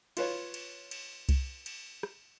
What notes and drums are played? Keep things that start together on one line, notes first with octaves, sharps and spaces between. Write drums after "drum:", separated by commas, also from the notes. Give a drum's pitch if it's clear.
F4 B4 C#5, drum: cymbal
drum: cymbal
drum: cymbal
drum: kick C2, cymbal
drum: cymbal
drum: rim click